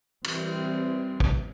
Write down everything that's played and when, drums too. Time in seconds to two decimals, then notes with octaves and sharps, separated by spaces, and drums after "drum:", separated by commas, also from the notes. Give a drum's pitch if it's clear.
0.24 E3 G3 C4, drum: cymbal
1.20 drum: kick